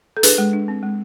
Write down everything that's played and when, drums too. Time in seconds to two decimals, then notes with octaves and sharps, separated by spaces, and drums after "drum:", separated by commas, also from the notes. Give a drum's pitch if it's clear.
0.17 A4
0.23 D4 G#4 B4, drum: hi-hat
0.38 G#3
0.53 D4
0.68 C4
0.83 G#3